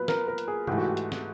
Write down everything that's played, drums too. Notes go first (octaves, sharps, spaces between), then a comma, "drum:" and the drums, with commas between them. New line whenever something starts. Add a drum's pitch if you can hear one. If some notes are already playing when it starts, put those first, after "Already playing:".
Already playing: A#2 F#3 B3 B4
A#4, drum: snare
A#4
drum: hi-hat
G#4
G#2 E3 A3 G4, drum: tom
F#4
G4
drum: hi-hat
drum: snare